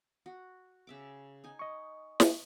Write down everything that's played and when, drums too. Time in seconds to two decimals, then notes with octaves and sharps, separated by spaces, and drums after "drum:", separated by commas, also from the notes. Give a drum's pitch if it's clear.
0.26 F#4
0.87 C#3 E5 D6
1.44 D#4 G#5
1.59 D#5 C#6
2.20 drum: snare